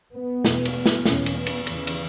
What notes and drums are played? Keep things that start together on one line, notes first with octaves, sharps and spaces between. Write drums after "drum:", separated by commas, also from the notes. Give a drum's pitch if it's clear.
B3
E2 B2, drum: snare
drum: cymbal
drum: snare
E2 B2 C#4, drum: snare
drum: cymbal
B3
drum: cymbal
E2 C#3 E3, drum: cymbal
drum: cymbal